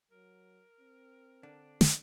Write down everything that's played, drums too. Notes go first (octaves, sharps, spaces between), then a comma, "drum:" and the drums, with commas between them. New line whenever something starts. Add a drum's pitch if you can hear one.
F#3 A#4
C4
D3 D4
drum: snare